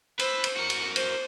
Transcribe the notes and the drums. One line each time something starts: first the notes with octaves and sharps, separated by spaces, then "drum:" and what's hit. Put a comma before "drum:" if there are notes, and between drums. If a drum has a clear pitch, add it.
B4 C5 E6, drum: cymbal
drum: cymbal
F#4 A#4 C#7
drum: cymbal
C5, drum: cymbal